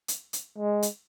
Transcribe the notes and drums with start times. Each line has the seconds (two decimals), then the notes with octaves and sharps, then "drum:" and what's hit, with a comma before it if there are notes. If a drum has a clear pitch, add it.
0.08 drum: hi-hat
0.33 drum: hi-hat
0.58 G#3
0.83 drum: hi-hat